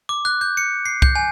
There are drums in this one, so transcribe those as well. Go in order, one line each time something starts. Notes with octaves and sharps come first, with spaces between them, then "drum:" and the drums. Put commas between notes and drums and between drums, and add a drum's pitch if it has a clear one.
D6
F#6
G6
C#7
C7
G6, drum: kick C2
G#5